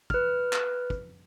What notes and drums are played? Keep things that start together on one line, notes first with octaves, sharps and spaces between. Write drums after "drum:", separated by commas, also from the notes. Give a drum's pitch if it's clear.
B4 F6, drum: kick
drum: clap
drum: kick